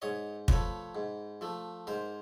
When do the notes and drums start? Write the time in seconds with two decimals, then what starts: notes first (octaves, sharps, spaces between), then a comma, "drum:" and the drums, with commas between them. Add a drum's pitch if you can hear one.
0.02 G#2 C#5 D#5
0.48 F3 A3 B4 C#5, drum: kick
0.95 G#2
1.41 F3 A3
1.87 G#2 A#4 C5